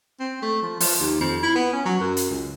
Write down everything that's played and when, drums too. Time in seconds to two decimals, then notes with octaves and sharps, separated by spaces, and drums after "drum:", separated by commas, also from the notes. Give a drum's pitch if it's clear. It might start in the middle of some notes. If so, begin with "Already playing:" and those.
0.20 C4
0.42 A3
0.63 F3
0.80 F3, drum: open hi-hat
1.00 D#2
1.21 F2
1.43 E4
1.56 B3
1.73 C#4
1.86 F#3
2.00 F#2
2.17 drum: hi-hat
2.30 C#2